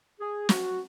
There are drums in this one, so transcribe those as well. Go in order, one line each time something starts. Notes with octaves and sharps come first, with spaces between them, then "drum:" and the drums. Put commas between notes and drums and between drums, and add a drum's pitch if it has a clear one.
G#4
F#4, drum: snare